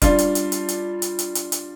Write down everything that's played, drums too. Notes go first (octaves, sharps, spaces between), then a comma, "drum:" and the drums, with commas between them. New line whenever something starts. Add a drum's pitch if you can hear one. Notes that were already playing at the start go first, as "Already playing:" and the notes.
G3 D4 F4, drum: kick F1, hi-hat
drum: hi-hat
drum: hi-hat
drum: hi-hat
drum: hi-hat
drum: hi-hat
drum: hi-hat
drum: hi-hat
drum: hi-hat